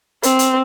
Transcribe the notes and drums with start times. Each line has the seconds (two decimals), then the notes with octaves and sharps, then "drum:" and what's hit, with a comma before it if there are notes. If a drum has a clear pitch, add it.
0.23 C4, drum: hi-hat
0.39 drum: hi-hat